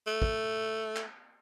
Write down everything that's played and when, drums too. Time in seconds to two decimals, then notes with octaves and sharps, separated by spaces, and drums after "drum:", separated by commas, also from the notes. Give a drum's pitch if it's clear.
0.07 A3
0.22 drum: kick
0.96 drum: clap